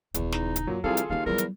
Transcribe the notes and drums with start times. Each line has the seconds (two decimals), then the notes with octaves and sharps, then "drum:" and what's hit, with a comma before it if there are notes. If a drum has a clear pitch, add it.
0.14 D#1 E2 C#3, drum: hi-hat
0.32 D#4, drum: snare
0.56 drum: hi-hat
0.67 F#2 A#2 F#3
0.84 C2 E3 F4 G#4 A4 F5
0.97 drum: hi-hat
1.10 D#2 C4 D4 F5
1.26 E2 F#3 G3 A#4
1.38 drum: hi-hat